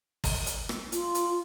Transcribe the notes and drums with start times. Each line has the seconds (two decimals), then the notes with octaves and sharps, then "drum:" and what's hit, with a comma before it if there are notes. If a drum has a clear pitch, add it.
0.24 drum: kick, open hi-hat
0.46 drum: hi-hat
0.69 drum: rim click
0.92 F4, drum: hi-hat
1.15 drum: hi-hat